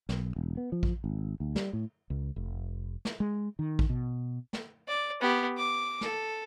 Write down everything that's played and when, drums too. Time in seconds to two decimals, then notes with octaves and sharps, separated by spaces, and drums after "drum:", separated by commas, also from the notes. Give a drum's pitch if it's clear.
0.09 B1, drum: snare
0.36 E1
0.57 B3
0.72 F3
0.83 drum: kick A1
1.04 G#1
1.40 D2
1.56 G3, drum: snare
1.73 A2
2.10 C#2
2.36 F1
3.05 drum: snare
3.20 G#3
3.59 D#3
3.79 drum: kick A1
3.90 B2
4.53 drum: snare
4.88 D5
5.21 B3 G4
5.57 D6
6.01 A4, drum: snare